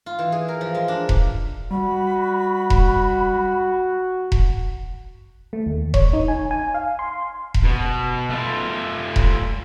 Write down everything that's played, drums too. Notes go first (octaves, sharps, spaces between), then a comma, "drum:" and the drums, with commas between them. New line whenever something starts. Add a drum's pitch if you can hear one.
F4
E3
G#4
A#4
F3
G#3
D4
drum: kick E1
G3 F#4 B5
drum: kick E1
drum: kick E1
A3
D#2
C#5, drum: kick E1
D#4
G#5
G#5
F5
C6
drum: kick E1
B2
A3 F4
drum: kick E1